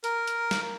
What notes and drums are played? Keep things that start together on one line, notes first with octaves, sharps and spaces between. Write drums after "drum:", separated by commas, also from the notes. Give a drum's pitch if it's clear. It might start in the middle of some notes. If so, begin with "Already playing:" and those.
A#4, drum: hi-hat
drum: hi-hat
drum: snare